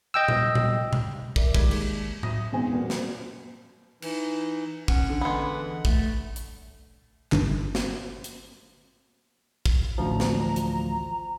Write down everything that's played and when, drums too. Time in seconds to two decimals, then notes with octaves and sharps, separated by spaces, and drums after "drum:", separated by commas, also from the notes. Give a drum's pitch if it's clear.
0.14 D#5 G5 E6
0.28 drum: tom A#2
0.55 drum: tom A#2
0.93 drum: tom B2
1.36 A#4 D5 E5, drum: kick
1.54 D#2 G#3 D6 G#6 B6, drum: kick
1.71 drum: cymbal
2.23 E5 D#6 A#6, drum: tom A2
2.52 E1 G#2 B2 C4 C5 G#5
2.70 F#2 A#2 A#3 B3
2.90 drum: snare
4.02 E3 D#4, drum: cymbal
4.88 C#4 F#5, drum: kick
5.10 D3
5.21 E3 G#3 B3
5.85 A3, drum: kick
6.36 drum: hi-hat
7.32 G1 G2, drum: clap
7.75 drum: snare
8.24 drum: hi-hat
9.66 drum: kick
9.98 A1 D2 F3 A#5
10.20 drum: snare
10.56 drum: hi-hat